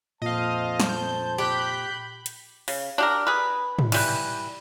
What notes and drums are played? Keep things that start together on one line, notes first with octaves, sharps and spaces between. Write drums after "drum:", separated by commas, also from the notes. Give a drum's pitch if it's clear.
F2 A#2 C5 D#5 F5 A5
drum: snare
G6
G4 B5 F#6 G6
drum: hi-hat
C#3, drum: open hi-hat
D4 G4 A#4
G#4 B4
drum: tom
E3 G3 B4, drum: cymbal